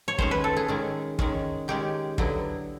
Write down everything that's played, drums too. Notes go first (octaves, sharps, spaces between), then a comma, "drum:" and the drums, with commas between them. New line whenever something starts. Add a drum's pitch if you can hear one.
C#5
D#3 G#3 C#4 C5, drum: kick
B4
A4
G#4
D#3 G#3 C#4
D#3 G#3 C#4, drum: kick
D#3 G#3 C#4 G4
D3 F#3 B3 E4, drum: kick